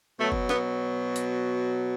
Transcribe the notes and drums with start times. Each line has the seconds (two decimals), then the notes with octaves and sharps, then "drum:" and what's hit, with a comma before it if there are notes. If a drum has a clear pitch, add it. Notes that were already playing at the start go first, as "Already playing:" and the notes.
0.20 B2 F#3 A3
0.32 drum: kick
0.49 B3, drum: snare
1.16 drum: hi-hat